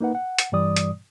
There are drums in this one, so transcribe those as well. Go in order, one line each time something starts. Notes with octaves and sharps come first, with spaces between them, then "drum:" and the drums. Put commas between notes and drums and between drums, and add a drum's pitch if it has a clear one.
A#3 D#4 B4 F#5
F#5
drum: hi-hat
G2 E3 G3 D5 D#6
drum: hi-hat